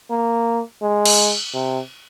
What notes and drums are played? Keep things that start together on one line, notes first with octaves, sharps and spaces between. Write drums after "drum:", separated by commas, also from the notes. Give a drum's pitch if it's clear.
A#3
G#3
drum: cymbal
C3